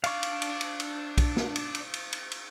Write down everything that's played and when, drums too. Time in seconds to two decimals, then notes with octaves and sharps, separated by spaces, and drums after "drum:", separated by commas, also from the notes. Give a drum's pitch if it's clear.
0.04 D4 D5 F5 C#6, drum: cymbal
0.23 drum: cymbal
0.42 drum: cymbal
0.61 drum: cymbal
0.80 drum: cymbal
1.18 drum: kick B1, cymbal
1.37 drum: snare
1.56 drum: cymbal
1.75 drum: cymbal
1.93 drum: cymbal
2.12 drum: cymbal
2.31 drum: cymbal